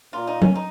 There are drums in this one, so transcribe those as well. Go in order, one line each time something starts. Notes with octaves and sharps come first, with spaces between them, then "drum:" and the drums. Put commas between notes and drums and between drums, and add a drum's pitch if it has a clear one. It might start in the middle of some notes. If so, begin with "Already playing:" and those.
A#2 F4
D#4
C#4, drum: tom
D#4